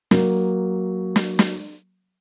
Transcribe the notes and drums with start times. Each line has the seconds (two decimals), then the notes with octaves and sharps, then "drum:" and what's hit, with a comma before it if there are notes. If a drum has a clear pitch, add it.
0.11 F#3 A#3, drum: snare
1.16 drum: snare
1.39 drum: snare